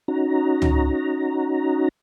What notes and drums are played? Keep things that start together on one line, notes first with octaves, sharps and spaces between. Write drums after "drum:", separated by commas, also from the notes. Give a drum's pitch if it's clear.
C#4 D#4 F#4 A#5
drum: tom C#2